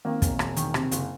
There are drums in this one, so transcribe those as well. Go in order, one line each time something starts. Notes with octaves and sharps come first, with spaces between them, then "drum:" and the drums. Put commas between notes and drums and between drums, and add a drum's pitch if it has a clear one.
D#3 A#3 C4
E1, drum: kick, hi-hat
E1, drum: rim click
D#3, drum: hi-hat
C3, drum: rim click
F#1, drum: hi-hat